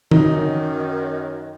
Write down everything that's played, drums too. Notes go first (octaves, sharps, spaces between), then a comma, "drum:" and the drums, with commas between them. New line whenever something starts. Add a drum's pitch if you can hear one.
F#2 D#3 D#4, drum: tom